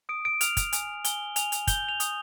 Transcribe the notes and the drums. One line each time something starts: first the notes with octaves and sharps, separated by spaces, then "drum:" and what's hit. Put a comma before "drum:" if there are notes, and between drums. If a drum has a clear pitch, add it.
D#6 D7
D7
F6 F7, drum: hi-hat
drum: kick, hi-hat
G#5, drum: hi-hat
G#5 G7, drum: hi-hat
G#5 F7, drum: hi-hat
drum: hi-hat
G6 G7, drum: kick, hi-hat
F7
D#6, drum: hi-hat